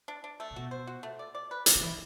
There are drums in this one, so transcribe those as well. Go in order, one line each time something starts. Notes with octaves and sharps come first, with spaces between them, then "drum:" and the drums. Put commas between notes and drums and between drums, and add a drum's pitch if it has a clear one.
D4
D4
A3
C3
B2 F#4
C5
F#4
A3
D5
D5
B4
D5, drum: hi-hat
D3
E3 E4